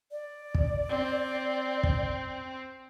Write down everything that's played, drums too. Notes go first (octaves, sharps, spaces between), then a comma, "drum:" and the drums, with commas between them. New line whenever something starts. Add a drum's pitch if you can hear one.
D5
drum: kick
C4
drum: kick